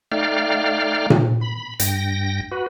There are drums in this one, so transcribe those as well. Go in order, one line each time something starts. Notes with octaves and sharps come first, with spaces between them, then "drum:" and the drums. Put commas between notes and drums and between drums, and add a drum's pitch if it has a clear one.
A3 D#4 D5 F5 G5 F6
drum: tom A#2
B5
G2 G5 A#6, drum: hi-hat
F#4 B4